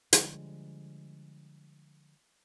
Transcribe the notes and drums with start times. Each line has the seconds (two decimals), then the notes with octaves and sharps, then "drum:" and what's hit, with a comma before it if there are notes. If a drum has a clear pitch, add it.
0.13 D3 F3 G3 G#3, drum: hi-hat